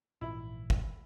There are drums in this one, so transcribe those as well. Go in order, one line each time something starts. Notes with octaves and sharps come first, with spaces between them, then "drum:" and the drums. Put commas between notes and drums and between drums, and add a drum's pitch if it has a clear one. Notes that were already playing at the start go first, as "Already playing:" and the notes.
A#1 G#2 E3 E4
drum: kick